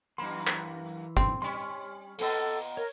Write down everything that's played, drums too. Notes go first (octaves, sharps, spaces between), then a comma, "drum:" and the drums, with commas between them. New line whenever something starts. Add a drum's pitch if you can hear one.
F#2 E3 A#3 B5 C6
drum: clap
C4, drum: kick
G3 C#4 C6 C#6
A#2 B3 A4 D#5, drum: open hi-hat
A#4 C#5